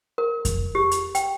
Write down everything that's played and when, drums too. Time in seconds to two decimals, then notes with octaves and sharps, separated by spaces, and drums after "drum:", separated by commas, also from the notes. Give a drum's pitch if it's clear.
0.18 A#4
0.45 drum: kick F2, hi-hat
0.75 G4
0.91 drum: hi-hat
1.15 G5, drum: hi-hat